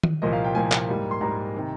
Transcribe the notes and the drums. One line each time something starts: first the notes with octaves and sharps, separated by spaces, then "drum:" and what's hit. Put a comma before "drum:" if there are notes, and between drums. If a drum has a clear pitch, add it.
drum: tom D#3
C2 A#2 F3 A#3 D#5
F5
G5
C2 A#2 F3 A#3 G#5
drum: clap
G#2 G3 A#3
C6
G#2 G3 A#3 A#5
C3 D#3